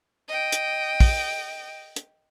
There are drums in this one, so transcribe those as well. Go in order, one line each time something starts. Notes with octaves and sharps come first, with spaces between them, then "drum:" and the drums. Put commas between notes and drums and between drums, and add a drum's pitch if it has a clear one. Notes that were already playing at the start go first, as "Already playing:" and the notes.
D#5 G5
drum: hi-hat
drum: kick, open hi-hat
drum: hi-hat